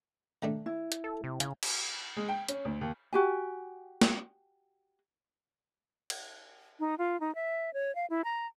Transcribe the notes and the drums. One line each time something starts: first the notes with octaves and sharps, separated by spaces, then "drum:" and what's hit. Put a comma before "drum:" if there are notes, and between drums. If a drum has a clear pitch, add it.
D#3 A3 D4
E4
drum: hi-hat
A4
C3
C#3 F5 G#5, drum: hi-hat
drum: cymbal
G#3
G5
C#4, drum: hi-hat
D2
D#2
F#4 G4 G#5
drum: snare
drum: cymbal
D#4
F4
D#4
E5
C#5
F5
E4
A#5